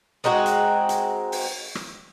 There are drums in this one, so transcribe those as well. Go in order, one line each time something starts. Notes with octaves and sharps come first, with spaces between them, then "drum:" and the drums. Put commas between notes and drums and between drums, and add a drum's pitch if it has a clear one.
G#3 C4 D#4 F#4
drum: hi-hat
drum: hi-hat
drum: open hi-hat
drum: rim click